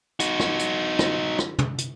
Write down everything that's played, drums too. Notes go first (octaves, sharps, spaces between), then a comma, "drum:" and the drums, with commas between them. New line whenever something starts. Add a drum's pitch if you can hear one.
D#4 F#4, drum: hi-hat
drum: rim click
drum: hi-hat
drum: rim click
drum: rim click
drum: tom
drum: hi-hat